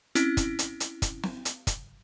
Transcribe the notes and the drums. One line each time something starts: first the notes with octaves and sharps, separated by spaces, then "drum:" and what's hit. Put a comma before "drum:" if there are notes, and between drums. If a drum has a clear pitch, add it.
C4 C#4 E4, drum: hi-hat
drum: kick, hi-hat
drum: hi-hat
drum: hi-hat
drum: kick, hi-hat
drum: snare
drum: hi-hat
drum: kick, hi-hat